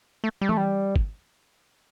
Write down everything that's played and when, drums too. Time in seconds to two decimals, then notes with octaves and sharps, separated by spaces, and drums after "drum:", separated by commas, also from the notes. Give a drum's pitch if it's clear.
0.24 A3
0.41 G3
0.49 A3, drum: tom E3
0.57 G3
0.96 drum: kick